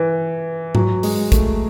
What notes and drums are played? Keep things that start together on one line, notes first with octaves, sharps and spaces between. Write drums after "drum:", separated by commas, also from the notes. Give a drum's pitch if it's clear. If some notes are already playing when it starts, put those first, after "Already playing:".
Already playing: E3
F#3, drum: tom G#2
G#3, drum: open hi-hat
A3, drum: kick, hi-hat